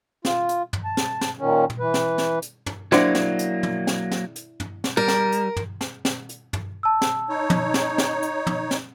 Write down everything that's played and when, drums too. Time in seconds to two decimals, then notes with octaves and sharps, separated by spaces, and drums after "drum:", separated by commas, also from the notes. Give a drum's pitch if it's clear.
0.25 F4, drum: snare
0.49 drum: hi-hat
0.73 drum: tom
0.85 A5
0.97 drum: snare
1.21 drum: snare
1.39 A#2 D#3 C#4
1.70 drum: tom
1.80 E3 B4
1.94 drum: snare
2.18 drum: snare
2.42 drum: hi-hat
2.66 drum: tom
2.92 F#3 A#3 D4 E4 C5 D5 F#5, drum: snare
3.15 drum: snare
3.39 drum: hi-hat
3.63 drum: tom
3.87 drum: snare
4.11 drum: snare
4.36 drum: hi-hat
4.60 drum: tom
4.84 drum: snare
4.97 G3 A#4
5.08 drum: snare
5.32 drum: hi-hat
5.56 drum: tom
5.81 drum: snare
6.05 drum: snare
6.29 drum: hi-hat
6.53 drum: tom
6.83 A5 E6
7.02 drum: snare
7.29 D#4 C#5
7.50 drum: tom
7.74 drum: snare
7.98 drum: snare
8.22 drum: hi-hat
8.47 drum: tom
8.71 drum: snare